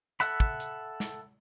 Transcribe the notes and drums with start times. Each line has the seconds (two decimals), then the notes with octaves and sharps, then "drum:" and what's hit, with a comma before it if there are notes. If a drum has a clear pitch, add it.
0.20 A4 E5 F#5 B5, drum: hi-hat
0.40 drum: kick
0.60 drum: hi-hat
1.00 drum: snare